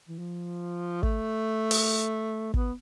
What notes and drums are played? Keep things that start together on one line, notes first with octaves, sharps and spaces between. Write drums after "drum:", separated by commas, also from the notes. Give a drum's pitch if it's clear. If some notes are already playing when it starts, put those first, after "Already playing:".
E3
F3
A3, drum: kick
drum: open hi-hat
B3, drum: kick